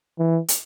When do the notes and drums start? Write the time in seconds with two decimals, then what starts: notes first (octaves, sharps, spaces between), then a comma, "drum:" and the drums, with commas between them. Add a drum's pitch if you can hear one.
0.19 E3
0.48 drum: hi-hat